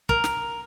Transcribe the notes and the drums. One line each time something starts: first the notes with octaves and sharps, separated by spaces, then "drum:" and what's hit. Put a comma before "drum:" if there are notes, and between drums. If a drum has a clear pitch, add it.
A#4, drum: kick
drum: snare